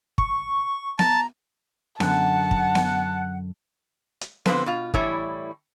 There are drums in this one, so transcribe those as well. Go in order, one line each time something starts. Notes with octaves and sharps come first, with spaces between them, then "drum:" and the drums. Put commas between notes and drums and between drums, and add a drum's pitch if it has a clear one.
C#6, drum: kick
A5 A#5, drum: snare B3
F#2 D3 F#5 A5, drum: snare B3
drum: kick
drum: snare B3
drum: hi-hat
D3 F3 C4 B4 C5, drum: snare B3
B2 F4
A2 E3 G3 E4 C#5, drum: kick